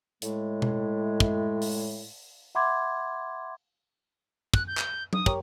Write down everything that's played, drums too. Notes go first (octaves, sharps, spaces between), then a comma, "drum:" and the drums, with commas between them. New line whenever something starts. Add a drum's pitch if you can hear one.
A2 G#3, drum: hi-hat
drum: tom B2
drum: kick
drum: open hi-hat
E5 F#5 B5 C6 D6 G#6
F#6, drum: kick
G6
drum: clap
D#6, drum: tom F#3
G4 A#4 C#5, drum: kick